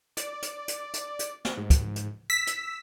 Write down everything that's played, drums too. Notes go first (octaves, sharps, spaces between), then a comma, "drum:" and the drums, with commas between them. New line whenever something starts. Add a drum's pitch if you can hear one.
D5, drum: hi-hat
drum: hi-hat
drum: hi-hat
drum: hi-hat
drum: hi-hat
drum: snare
G#2
drum: kick, hi-hat
drum: hi-hat
E6 B6
drum: hi-hat